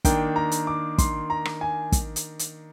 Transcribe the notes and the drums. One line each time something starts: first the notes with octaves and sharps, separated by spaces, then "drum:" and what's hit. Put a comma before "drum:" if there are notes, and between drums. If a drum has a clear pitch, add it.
D#3 A#3 D4 G5, drum: kick, hi-hat
A#5
drum: hi-hat
D6
C6, drum: kick, hi-hat
A#5
drum: rim click
G#5
drum: kick, hi-hat
drum: hi-hat
drum: hi-hat